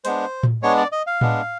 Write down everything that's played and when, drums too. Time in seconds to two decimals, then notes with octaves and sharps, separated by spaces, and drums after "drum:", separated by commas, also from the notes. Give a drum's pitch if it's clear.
0.05 G#3 B3 D4 C5, drum: hi-hat
0.43 drum: tom A2
0.62 G#3 B3 D4 C#5
0.77 D5
0.92 D#5
1.07 F5
1.21 G#3 B3 D4, drum: tom A2